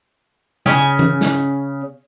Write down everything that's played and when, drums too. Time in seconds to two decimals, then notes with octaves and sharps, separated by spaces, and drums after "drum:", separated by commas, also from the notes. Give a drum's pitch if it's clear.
0.66 C#3 C#4 G#5, drum: snare
0.99 drum: tom E3
1.21 drum: snare